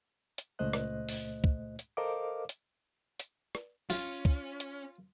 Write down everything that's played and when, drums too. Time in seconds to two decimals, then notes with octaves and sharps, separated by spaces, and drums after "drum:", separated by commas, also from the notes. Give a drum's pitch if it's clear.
0.38 drum: hi-hat
0.59 C#2 A#2 A3 C5 D#5 F#6
0.73 drum: rim click
1.09 drum: open hi-hat
1.44 drum: kick
1.79 drum: hi-hat
1.97 A4 A#4 C5 D#5 F5 D6
2.49 drum: hi-hat
3.20 drum: hi-hat
3.55 drum: rim click
3.90 C#4 F4, drum: open hi-hat
4.25 drum: kick
4.60 drum: hi-hat